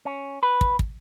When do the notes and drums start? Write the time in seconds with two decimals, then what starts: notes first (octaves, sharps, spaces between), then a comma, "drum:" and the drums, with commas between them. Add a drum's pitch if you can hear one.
0.05 C#4
0.43 B4
0.61 drum: kick
0.79 drum: kick